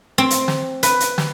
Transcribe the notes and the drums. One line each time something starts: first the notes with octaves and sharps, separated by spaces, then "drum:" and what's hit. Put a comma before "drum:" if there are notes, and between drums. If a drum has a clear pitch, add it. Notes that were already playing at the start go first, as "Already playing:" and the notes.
C4
drum: hi-hat
drum: snare
B4, drum: hi-hat
drum: hi-hat
drum: snare